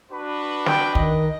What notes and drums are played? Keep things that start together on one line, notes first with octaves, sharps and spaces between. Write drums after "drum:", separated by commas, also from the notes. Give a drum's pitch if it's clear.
D4 F#4 B4
G5, drum: snare
D#3 D#5, drum: kick